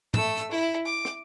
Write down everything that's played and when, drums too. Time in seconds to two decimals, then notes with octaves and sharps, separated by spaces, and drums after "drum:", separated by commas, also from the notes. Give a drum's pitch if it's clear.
0.14 A3 E6, drum: tom
0.37 drum: hi-hat
0.51 E4
0.86 D6
1.05 drum: rim click